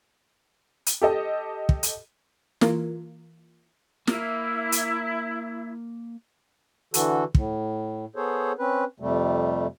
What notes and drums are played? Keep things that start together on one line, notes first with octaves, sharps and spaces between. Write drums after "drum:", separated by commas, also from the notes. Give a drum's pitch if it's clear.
drum: hi-hat
G4 A4 D#5
drum: kick
drum: hi-hat
E3 A#3 F4 A#4, drum: snare
A#3 E4, drum: snare
drum: hi-hat
D3 E3 F#4 A4, drum: hi-hat
A2, drum: kick
B3 G#4 A4 C5 C#5
C4 C#4 B4
F2 C3 G3 A3